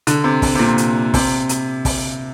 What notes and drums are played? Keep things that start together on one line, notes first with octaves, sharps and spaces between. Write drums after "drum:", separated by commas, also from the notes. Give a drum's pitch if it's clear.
D3, drum: hi-hat
C3
drum: kick, open hi-hat
C3
A#2
drum: hi-hat
C3, drum: kick, open hi-hat
drum: hi-hat
drum: kick, open hi-hat